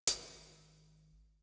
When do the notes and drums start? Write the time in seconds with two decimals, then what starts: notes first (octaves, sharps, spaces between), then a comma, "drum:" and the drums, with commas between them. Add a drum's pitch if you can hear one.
0.08 G#1, drum: hi-hat